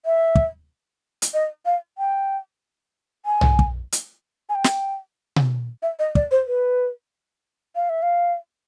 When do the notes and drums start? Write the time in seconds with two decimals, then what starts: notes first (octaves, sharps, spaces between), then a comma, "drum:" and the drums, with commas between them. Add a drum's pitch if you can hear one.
0.06 E5
0.35 drum: kick
1.22 drum: hi-hat
1.34 D#5
1.66 F5
1.98 G5
3.26 G#5
3.41 drum: tom B1
3.59 drum: kick
3.92 drum: hi-hat
4.49 G#5
4.55 G5
4.64 drum: snare
5.36 drum: tom B2
5.82 E5
5.99 D#5
6.15 D5, drum: kick
6.31 C5
6.47 B4
7.76 F5
7.90 E5
8.02 F5